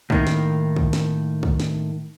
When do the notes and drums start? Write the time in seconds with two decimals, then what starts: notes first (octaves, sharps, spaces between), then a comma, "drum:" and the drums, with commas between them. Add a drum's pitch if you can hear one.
0.10 A2 D#3 A#3, drum: kick
0.27 drum: snare
0.76 drum: kick
0.93 drum: snare
1.43 drum: kick
1.60 drum: snare